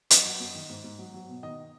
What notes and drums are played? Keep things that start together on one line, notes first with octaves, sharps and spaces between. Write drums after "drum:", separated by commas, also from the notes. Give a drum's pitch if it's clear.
F#3 D#5, drum: hi-hat
F#3
F#2
D#3
G#2
G#2
F#3
F#3
B2
D#3 D#5